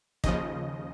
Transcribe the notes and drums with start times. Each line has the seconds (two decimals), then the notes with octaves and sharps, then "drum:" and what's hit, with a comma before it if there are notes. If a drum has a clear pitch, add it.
0.24 D#2 C#3 F3 D#5, drum: kick